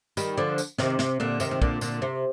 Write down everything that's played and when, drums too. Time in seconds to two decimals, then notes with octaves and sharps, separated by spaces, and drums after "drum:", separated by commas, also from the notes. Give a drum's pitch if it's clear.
0.17 D#3 G3, drum: tambourine
0.37 D3 F3
0.58 drum: tambourine
0.78 C3 D#3, drum: snare
0.99 C3, drum: snare
1.20 A#2 D3
1.40 C3 D#3, drum: tambourine
1.51 D#3
1.62 A#2 D3, drum: kick
1.81 A#2 D3, drum: tambourine
2.02 C3